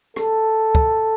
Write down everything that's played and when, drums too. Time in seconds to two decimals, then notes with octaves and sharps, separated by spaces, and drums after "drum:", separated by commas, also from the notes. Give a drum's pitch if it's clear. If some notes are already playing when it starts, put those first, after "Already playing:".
0.16 A4, drum: rim click
0.75 drum: kick